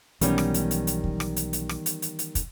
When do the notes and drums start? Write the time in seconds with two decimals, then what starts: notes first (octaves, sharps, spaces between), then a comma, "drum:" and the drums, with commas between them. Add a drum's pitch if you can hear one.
0.21 B1 D#3 E3 G3 B3 C#4, drum: hi-hat
0.38 drum: rim click
0.54 drum: hi-hat
0.71 drum: hi-hat
0.87 drum: hi-hat
1.04 drum: kick
1.20 drum: rim click
1.36 drum: hi-hat
1.53 drum: hi-hat
1.69 drum: rim click
1.86 drum: hi-hat
2.02 drum: hi-hat
2.19 drum: hi-hat
2.35 drum: kick, hi-hat